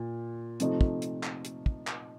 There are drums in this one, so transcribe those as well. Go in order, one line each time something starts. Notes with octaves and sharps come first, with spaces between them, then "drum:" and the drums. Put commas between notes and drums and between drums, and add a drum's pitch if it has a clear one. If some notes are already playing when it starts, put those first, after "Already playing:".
Already playing: A#2
C3 F3 A3 D#4, drum: hi-hat
drum: kick
drum: hi-hat
drum: clap
drum: hi-hat
drum: kick
drum: clap